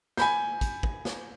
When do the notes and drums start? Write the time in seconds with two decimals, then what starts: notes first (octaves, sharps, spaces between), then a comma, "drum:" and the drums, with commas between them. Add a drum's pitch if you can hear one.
0.17 G#5 B5 G6, drum: snare
0.61 drum: kick, hi-hat
0.83 drum: kick
1.05 drum: snare